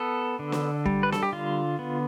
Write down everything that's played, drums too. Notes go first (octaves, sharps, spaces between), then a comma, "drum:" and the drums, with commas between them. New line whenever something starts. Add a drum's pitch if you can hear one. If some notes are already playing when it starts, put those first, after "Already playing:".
Already playing: B3 A4
D3
drum: snare
G3, drum: kick
B4
A4, drum: snare
G4
D3 F4
B3